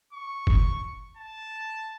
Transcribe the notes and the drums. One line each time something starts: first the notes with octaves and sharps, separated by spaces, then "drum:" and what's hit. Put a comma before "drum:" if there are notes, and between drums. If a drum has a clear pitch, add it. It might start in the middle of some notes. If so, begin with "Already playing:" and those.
C#6
drum: kick
A5